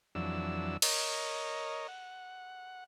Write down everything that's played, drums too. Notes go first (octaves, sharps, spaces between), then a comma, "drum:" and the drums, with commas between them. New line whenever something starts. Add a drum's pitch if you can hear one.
F2 E3 F#3 D4 E6
A#4 C#5 D#5, drum: cymbal
F#5